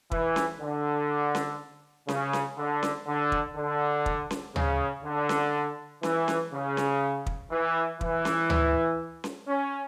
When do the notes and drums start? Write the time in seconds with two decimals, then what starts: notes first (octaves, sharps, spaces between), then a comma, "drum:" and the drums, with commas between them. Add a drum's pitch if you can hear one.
0.11 E3, drum: kick
0.36 drum: snare C#4
0.61 D3
1.35 drum: snare C#4
2.08 C#3, drum: snare C#4
2.33 drum: snare C#4
2.58 D3
2.83 drum: snare C#4
3.07 D3
3.32 drum: kick
3.56 D3
4.06 drum: kick
4.31 drum: snare C#4
4.56 C#3, drum: tom D2
5.04 D3
5.29 drum: snare C#4
6.03 E3, drum: snare C#4
6.28 drum: snare C#4
6.53 C#3
6.77 drum: snare C#4
7.26 drum: kick
7.51 E3
8.01 E3, drum: kick
8.25 drum: snare C#4
8.50 drum: tom D2
9.24 drum: snare C#4
9.48 C#4